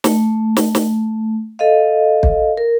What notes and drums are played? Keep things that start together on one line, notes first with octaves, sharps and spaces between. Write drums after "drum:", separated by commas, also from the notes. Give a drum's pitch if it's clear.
A3, drum: snare
drum: snare
drum: snare
A4 D#5 F5
drum: kick
A#4